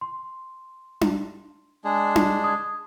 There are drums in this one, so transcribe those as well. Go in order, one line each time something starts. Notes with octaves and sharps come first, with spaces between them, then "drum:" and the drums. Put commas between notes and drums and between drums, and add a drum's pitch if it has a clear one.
C6
drum: tom D4
G#3 D4 G#4
drum: tom D4
D#6 G#6